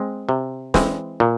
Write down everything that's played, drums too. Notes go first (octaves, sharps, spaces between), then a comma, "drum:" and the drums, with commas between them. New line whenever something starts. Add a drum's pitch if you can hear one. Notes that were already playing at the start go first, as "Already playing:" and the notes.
Already playing: G#3 C4
C3
E3 G#3 C4, drum: snare
A#2